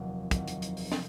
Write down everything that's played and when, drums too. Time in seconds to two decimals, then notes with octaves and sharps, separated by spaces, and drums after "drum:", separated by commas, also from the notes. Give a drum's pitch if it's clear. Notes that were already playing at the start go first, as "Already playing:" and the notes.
Already playing: F1 D#2 D#3 F#3 C4
0.31 F1 D#2 D#3 F#3 C4, drum: kick, hi-hat
0.48 drum: hi-hat
0.62 drum: hi-hat
0.77 drum: open hi-hat
0.92 drum: snare